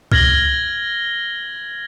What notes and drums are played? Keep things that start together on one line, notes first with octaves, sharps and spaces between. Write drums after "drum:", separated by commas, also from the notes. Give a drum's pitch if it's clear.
F6 G#6 A#6 F#7 G7, drum: kick C2